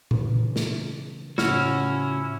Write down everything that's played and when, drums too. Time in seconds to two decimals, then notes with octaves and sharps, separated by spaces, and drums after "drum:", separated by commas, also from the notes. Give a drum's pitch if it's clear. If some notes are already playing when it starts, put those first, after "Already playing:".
0.11 C#3 E3, drum: tom A#2
0.56 drum: snare
1.38 A2 C#3 F3 C#4 E4 F#4 F6, drum: snare